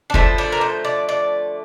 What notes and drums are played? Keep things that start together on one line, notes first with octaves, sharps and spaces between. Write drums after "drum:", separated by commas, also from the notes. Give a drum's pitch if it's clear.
D4
D3 F3 A3 E4, drum: kick
D4
A#4
C5
D5
D5